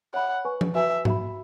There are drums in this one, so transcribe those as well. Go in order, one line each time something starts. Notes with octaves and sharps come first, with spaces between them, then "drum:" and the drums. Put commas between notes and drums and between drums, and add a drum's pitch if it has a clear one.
C#5 E5 F#5 B5
B4 G#5 C#6
drum: tom F3
F#4 B4 E5 G#5
F#4 E5 B5, drum: tom G#2